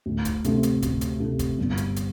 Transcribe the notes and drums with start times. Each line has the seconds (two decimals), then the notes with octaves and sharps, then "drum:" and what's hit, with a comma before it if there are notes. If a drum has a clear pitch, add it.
0.06 D2
0.25 drum: kick, hi-hat
0.44 C3 A3 C4, drum: hi-hat
0.63 drum: hi-hat
0.82 D2, drum: kick, hi-hat
1.01 drum: hi-hat
1.20 C3 A3 C4
1.39 drum: kick, hi-hat
1.58 G1
1.77 drum: hi-hat
1.96 drum: hi-hat